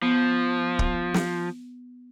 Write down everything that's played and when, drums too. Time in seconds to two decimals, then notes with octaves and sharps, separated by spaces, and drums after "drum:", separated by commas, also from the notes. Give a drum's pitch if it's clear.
0.02 F3 B3
0.79 drum: kick
1.14 drum: snare